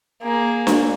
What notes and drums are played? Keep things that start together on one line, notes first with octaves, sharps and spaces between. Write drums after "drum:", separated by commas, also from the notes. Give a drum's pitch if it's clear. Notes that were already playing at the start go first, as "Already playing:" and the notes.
A#3 G#4
drum: snare D4